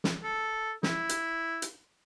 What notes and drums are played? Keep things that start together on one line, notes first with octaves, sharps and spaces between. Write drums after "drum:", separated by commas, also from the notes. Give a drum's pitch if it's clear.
drum: snare
A4
E4, drum: snare
drum: hi-hat
drum: hi-hat